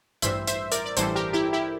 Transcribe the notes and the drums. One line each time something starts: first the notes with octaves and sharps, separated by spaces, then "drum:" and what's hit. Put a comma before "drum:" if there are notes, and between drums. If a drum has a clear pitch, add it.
A1 G2 E3 G3 C5 E5, drum: hi-hat
C5 E5, drum: hi-hat
A#4 D5, drum: hi-hat
D5
A1 G2 E3 G3 A4 C5, drum: hi-hat
G4 A#4
E4 G4
E4 G4